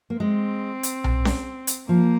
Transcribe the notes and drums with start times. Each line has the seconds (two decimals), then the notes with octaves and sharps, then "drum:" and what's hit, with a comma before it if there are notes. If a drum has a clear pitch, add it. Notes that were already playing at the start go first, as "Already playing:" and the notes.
0.10 A#3
0.20 G#3 C4
0.83 drum: hi-hat
1.04 drum: tom B1
1.25 drum: snare C#4
1.67 drum: hi-hat
1.88 F3 A#3